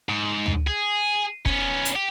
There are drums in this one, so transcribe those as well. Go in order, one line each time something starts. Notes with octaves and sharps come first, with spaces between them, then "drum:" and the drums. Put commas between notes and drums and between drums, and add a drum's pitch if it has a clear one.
G#2
drum: tom
G#4
B3 C#4, drum: kick
drum: hi-hat
G4